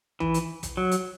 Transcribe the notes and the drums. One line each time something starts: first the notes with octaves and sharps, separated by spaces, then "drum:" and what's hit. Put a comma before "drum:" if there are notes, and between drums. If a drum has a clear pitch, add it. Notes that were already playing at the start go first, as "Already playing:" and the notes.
E3, drum: kick
drum: hi-hat
drum: kick, hi-hat
F#3
drum: hi-hat